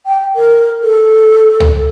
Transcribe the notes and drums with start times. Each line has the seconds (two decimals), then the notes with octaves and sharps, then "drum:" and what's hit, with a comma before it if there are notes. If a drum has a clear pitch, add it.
0.06 G5
0.36 A#4
0.83 A4
1.60 drum: tom C#2